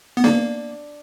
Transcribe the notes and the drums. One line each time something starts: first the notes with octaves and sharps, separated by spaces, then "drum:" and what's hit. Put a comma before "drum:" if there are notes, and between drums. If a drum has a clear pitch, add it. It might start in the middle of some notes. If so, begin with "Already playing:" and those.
B3
A#3 D4, drum: snare B3